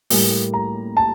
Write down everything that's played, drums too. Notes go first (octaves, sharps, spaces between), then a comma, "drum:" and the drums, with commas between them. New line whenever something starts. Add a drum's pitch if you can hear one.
A2 G3 A#3, drum: open hi-hat
A#5
A5